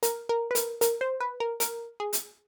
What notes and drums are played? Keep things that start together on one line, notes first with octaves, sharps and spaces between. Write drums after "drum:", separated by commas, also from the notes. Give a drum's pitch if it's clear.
A#4, drum: hi-hat
A#4
B4
A#4, drum: hi-hat
A#4, drum: hi-hat
C5
B4
A#4
A#4, drum: hi-hat
G#4
drum: hi-hat